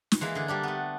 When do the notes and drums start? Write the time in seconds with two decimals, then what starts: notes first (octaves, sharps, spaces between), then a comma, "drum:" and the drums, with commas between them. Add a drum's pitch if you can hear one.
0.12 drum: snare
0.21 E3 G#3 A#3
0.35 D3 G#4
0.48 G3 A#3 D4
0.63 A3 B3